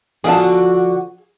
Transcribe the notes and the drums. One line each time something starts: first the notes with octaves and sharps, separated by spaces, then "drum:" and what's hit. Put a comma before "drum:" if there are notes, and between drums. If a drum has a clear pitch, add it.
D3 F3 F#4 G#4 F5 A5, drum: open hi-hat